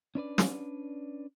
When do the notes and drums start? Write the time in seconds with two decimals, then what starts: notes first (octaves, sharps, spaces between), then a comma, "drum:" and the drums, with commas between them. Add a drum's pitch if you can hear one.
0.15 C#4 D4 B4 D5
0.38 drum: snare